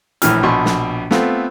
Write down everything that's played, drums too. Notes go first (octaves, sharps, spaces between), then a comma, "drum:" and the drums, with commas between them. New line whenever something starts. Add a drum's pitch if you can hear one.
A#1 A2 E3 F6, drum: hi-hat
A#1 B2 C6 C#6
drum: snare
A3 B3 C4 F4, drum: snare